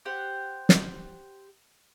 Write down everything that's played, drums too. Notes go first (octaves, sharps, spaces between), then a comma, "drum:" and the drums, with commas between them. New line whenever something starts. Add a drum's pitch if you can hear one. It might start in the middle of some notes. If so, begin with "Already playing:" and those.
G4 C5 F#5
drum: snare